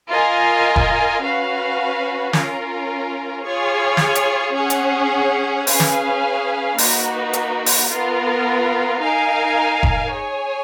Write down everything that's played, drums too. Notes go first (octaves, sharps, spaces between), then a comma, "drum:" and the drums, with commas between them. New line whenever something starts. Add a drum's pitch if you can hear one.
F4 A#4 D#5 G#5
drum: kick F1
C#4 F#4 B4 F5
C#4 F4 A#4, drum: snare
F4 G#4 C#5
drum: snare
drum: hi-hat
C#4 G#4 C#5 F#5
drum: hi-hat
C#4 G#4 B4 F5 G#5, drum: open hi-hat
drum: snare
A#3 D#4 F#4 B4, drum: open hi-hat
drum: hi-hat
drum: open hi-hat
B3 F4 A#4
D#4 A#4 F5 G#5
drum: kick F1
G#4 C#5 G#5